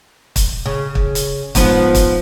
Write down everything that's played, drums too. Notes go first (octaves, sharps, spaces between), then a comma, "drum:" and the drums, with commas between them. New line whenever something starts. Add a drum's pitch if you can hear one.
drum: kick, hi-hat
C#3
drum: kick
drum: hi-hat
G#2 F3 B3 B4, drum: kick, hi-hat
drum: kick, hi-hat